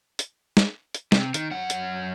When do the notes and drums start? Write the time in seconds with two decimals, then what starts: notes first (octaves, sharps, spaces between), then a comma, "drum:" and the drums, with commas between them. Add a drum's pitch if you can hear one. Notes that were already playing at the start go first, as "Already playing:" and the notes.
0.19 drum: hi-hat
0.57 drum: snare
0.94 drum: hi-hat
1.12 C3, drum: snare
1.34 D#3, drum: hi-hat
1.51 F#2 F#5
1.70 drum: hi-hat